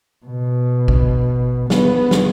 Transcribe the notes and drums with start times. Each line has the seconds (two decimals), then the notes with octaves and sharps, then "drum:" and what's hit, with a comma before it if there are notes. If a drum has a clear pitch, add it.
0.26 B2
0.88 drum: kick
1.70 B3, drum: snare
2.11 drum: snare